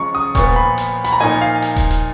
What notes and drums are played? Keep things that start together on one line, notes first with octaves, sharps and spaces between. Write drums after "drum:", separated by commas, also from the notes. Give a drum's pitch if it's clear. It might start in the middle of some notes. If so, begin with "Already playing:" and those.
Already playing: C#3 F3 G#3 A#5 C#6
D#6
A#2 F3 B3 C#6, drum: kick D#1, hi-hat
B5
drum: hi-hat
B5, drum: hi-hat
A#5
A#2 F3 A#3 D#4 G#5
F5
drum: hi-hat
drum: kick D#1, hi-hat
drum: hi-hat